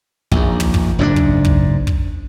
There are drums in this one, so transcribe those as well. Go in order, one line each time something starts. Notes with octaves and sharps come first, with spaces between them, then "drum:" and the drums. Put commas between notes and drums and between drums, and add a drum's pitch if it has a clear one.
A#1 D#2, drum: kick
drum: tom
drum: kick
F#1 G#2 C4 D4
drum: kick
drum: kick
drum: kick